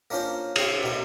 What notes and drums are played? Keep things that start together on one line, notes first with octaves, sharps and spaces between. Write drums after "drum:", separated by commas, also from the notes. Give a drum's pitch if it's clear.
A#3 C#4 D4 F4 C5
C#3 C4, drum: cymbal
B2 A#3